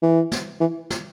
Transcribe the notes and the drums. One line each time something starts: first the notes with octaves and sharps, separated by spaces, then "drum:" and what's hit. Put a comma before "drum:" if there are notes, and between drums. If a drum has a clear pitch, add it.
E3
drum: snare
E3
drum: snare